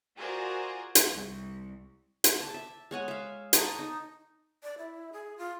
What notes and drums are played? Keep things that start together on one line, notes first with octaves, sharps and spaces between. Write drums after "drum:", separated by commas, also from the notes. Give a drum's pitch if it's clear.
F4 F#4 G#4 A#4 C5 D5
drum: hi-hat
C2
drum: hi-hat
A5 D6
E5
G#3 C#5 F#5 G#5
E5 F5
D#5 A5 A#5 C#6, drum: hi-hat
D#4
D5
E4
G#4
F4